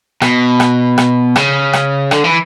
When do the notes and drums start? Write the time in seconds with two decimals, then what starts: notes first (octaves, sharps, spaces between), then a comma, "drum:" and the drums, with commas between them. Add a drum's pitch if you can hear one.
0.22 B2, drum: rim click
0.60 drum: rim click
0.98 drum: rim click
1.36 C#3, drum: rim click
1.73 drum: rim click
2.11 D3, drum: rim click
2.24 E3